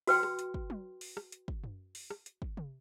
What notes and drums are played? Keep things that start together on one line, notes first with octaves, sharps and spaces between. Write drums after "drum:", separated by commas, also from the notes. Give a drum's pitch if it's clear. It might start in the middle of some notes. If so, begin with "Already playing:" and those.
F#4 B4 G5 C6, drum: open hi-hat
drum: rim click
drum: hi-hat
drum: kick
drum: tom F#3
drum: open hi-hat
drum: rim click
drum: hi-hat
drum: kick
drum: tom F#2
drum: open hi-hat
drum: rim click
drum: hi-hat
drum: kick
drum: tom C3